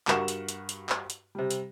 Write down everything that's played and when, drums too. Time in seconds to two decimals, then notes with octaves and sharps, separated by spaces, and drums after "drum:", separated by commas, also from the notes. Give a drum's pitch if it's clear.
0.08 G2 F#4 A#4 F#5 C#6 E7, drum: clap
0.28 drum: hi-hat
0.49 drum: hi-hat
0.69 drum: hi-hat
0.89 drum: clap
1.10 drum: hi-hat
1.35 C3 G3
1.51 drum: hi-hat